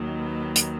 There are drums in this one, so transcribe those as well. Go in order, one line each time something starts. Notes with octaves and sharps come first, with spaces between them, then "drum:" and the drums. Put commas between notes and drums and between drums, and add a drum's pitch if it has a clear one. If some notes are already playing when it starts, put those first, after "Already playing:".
Already playing: D#2 D#3 F#3
B4
drum: hi-hat